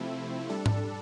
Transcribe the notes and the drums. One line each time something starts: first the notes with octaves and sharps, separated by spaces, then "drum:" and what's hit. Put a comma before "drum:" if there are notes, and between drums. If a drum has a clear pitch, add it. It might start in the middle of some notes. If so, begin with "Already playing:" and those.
Already playing: C3 F3 A3 C4 E4
G3 D4 A4
drum: tom G#2